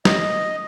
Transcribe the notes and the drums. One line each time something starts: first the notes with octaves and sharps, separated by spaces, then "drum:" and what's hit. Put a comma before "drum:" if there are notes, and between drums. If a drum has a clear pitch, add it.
D#5, drum: snare